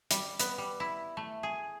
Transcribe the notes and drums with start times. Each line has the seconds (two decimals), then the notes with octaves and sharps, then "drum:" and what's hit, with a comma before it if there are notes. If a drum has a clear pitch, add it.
0.11 G3, drum: hi-hat
0.39 B3, drum: hi-hat
0.58 G3
0.80 E4
1.17 A3
1.43 G#4